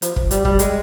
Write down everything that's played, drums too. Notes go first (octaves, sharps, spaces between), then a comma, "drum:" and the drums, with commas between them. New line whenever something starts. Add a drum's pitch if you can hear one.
F3, drum: hi-hat
drum: kick
G3, drum: hi-hat
G3, drum: kick
G#3, drum: hi-hat